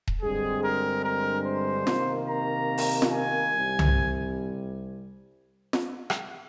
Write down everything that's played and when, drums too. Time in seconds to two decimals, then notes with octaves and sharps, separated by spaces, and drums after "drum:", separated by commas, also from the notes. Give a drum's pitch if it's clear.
0.08 drum: kick D#1
0.22 G2 D3 G#3 C4 G#4
0.63 A#4
1.05 A#4
1.46 C5
1.87 C3 D#3 A#3, drum: snare
2.29 A#5
2.78 drum: open hi-hat
3.02 drum: snare
3.11 G#5
3.52 C2 C3 G3
3.79 drum: tom C2
5.73 drum: snare
6.10 drum: rim click